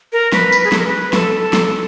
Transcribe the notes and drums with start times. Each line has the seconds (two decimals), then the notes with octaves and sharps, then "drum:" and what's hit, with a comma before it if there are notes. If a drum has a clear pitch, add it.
0.12 A#4
0.33 B4, drum: snare
0.52 drum: tambourine
0.64 G#4
0.72 A4, drum: snare
0.79 A#4
0.86 B4
1.13 A4, drum: snare
1.40 A4
1.53 drum: snare
1.67 A4